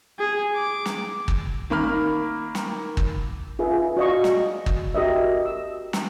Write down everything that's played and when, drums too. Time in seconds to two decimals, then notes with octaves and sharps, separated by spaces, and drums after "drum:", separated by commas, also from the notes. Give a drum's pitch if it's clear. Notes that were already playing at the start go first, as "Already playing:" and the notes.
0.19 G#4
0.55 D6
0.86 drum: snare
1.28 drum: kick
1.70 D#3 A#3 B5 F6
2.55 drum: snare
2.97 drum: kick
3.59 F4 G#4 B4 E5
3.97 F#4 D5 D#5 F5 C#6
4.24 drum: snare
4.66 drum: kick
4.94 F#4 G4 A#4 D#5 E5
5.45 E6
5.93 drum: snare